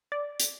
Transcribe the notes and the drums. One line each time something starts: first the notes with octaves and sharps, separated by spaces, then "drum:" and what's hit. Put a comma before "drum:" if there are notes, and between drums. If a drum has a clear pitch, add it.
D5
drum: hi-hat